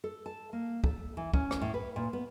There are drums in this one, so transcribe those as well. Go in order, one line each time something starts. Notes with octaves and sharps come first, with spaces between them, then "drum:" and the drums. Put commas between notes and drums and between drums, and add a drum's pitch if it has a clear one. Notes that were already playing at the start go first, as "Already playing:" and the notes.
A4
A5
A#3
A4, drum: kick
E3
C#4, drum: kick
drum: rim click
A2
B4
A#2
B3